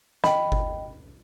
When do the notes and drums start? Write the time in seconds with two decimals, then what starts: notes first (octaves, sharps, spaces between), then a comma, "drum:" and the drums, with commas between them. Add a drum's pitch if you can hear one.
0.24 D#5 G5 B5, drum: snare
0.52 drum: kick G1